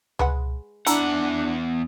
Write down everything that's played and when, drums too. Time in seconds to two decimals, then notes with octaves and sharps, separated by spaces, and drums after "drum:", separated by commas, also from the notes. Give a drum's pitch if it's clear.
0.19 G#3 B4 F#5, drum: tom C#2
0.86 E2 D4 E4 F#5 A5 A#5, drum: hi-hat